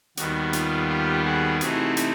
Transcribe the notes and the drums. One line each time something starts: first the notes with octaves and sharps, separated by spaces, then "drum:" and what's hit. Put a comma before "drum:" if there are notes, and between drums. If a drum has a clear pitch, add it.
D#2 D#3 G3 B3 F#4, drum: hi-hat
F4, drum: hi-hat
F4 G4
F#4 G#4
C3 E3 A3 C4 D#4 F#4 G#4, drum: hi-hat
drum: hi-hat